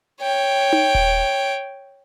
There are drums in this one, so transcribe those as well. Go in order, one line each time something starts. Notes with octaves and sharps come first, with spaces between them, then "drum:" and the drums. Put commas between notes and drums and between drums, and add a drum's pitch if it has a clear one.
C#5 G5
drum: tom D#4
drum: kick D#1